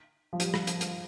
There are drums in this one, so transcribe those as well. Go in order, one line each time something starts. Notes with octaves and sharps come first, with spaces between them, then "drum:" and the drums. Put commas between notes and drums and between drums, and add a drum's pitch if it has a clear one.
F3
G3, drum: hi-hat
drum: rim click
drum: hi-hat
drum: hi-hat